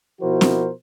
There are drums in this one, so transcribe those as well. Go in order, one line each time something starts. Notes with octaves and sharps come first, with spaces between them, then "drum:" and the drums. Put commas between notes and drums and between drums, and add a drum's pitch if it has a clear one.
B2 F3 E4 F#4 A#4 C5
drum: snare